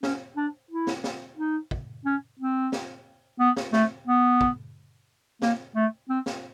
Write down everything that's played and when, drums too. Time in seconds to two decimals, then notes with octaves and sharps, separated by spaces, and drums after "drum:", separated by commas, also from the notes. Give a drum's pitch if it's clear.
0.03 C#4, drum: snare
0.36 D4
0.71 E4
0.87 drum: snare
1.04 drum: snare
1.37 D#4
1.71 drum: kick
2.05 C#4
2.39 C4
2.72 drum: snare
3.40 B3
3.57 drum: snare
3.73 A3, drum: snare
4.08 B3
4.41 drum: kick
5.42 A#3, drum: snare
5.75 A3
6.09 C4
6.26 drum: snare